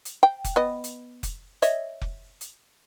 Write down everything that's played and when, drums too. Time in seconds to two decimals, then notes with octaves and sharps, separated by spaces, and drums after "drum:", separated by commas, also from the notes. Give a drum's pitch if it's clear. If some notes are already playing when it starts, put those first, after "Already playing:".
0.05 drum: hi-hat
0.23 G5
0.44 drum: kick F1, hi-hat
0.56 B3 D#5
0.84 drum: hi-hat
1.23 drum: kick F1, hi-hat
1.62 C#5 D#5 E5, drum: hi-hat
2.01 drum: kick F1
2.41 drum: hi-hat